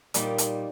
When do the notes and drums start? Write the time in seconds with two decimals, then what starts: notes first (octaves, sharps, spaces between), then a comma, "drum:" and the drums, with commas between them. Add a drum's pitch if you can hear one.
0.14 A#2 G3 A#3 D#4, drum: hi-hat
0.38 drum: hi-hat